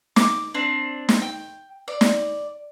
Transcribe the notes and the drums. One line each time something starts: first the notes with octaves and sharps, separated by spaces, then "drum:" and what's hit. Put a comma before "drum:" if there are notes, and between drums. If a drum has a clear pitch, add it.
D6, drum: snare
C4 D4
drum: snare
G5
D5
drum: snare